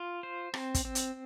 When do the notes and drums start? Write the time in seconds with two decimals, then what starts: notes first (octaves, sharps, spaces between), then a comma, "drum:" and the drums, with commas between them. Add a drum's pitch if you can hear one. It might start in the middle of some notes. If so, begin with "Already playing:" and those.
Already playing: F4
0.23 C5
0.54 C4, drum: rim click
0.75 drum: kick, hi-hat
0.85 C4
0.95 drum: hi-hat